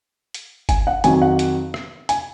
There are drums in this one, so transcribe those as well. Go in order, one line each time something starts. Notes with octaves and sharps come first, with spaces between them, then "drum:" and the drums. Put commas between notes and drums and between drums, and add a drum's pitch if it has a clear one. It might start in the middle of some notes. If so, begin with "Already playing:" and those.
drum: hi-hat
G#5, drum: kick, hi-hat
F#5
F2 D#3 F#3 G#5, drum: hi-hat
F#5
drum: hi-hat
drum: rim click
G#5, drum: hi-hat